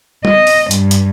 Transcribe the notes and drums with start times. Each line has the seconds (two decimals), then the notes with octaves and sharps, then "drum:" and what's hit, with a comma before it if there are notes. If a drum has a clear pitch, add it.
0.25 D#5, drum: tom
0.47 drum: open hi-hat
0.71 G2, drum: hi-hat
0.91 drum: hi-hat